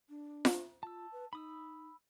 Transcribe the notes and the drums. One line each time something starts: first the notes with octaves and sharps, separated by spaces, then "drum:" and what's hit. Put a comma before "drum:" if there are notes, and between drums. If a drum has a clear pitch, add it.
D4
drum: snare F4
F4 A5 E6
B4
D#4 B5 D#6 E6